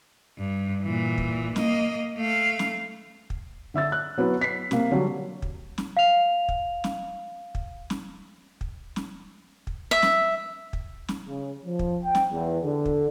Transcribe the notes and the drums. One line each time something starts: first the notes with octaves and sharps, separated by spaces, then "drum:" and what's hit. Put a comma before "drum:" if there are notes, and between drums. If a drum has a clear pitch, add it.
G2
A#2 E3
drum: kick
A#3 D#5, drum: snare
A3 F5
drum: snare
drum: kick
D3 E5 E6 A6
F#6
F#3 B3 E4 B4
B6 C7
C3 A#3, drum: snare
D3 F#3 G3
drum: kick
drum: snare
F5 F7
drum: kick
drum: snare
drum: kick
drum: snare
drum: kick
drum: snare
drum: kick
E5
drum: snare
drum: kick
drum: snare
C#3
F3
drum: kick
G5
drum: snare
E2
D3
drum: kick